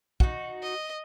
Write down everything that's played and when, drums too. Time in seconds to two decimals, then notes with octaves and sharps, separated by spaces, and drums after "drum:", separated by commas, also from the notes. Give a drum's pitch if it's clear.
0.20 D#4 F#4, drum: kick
0.62 D#5